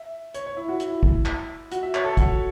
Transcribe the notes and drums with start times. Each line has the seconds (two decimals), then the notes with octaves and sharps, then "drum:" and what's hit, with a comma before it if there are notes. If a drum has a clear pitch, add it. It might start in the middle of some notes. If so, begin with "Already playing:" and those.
Already playing: E5
0.34 C#5, drum: hi-hat
0.46 C#5
0.57 E4
0.69 F#4
0.80 E4, drum: hi-hat
1.03 drum: kick
1.26 drum: clap
1.72 F#4, drum: hi-hat
1.83 E5
1.95 C#5, drum: clap
2.05 A4
2.17 F#4, drum: kick, hi-hat